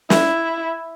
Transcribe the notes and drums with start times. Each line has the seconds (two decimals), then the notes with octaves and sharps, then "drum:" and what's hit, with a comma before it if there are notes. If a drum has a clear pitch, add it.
0.10 E4, drum: snare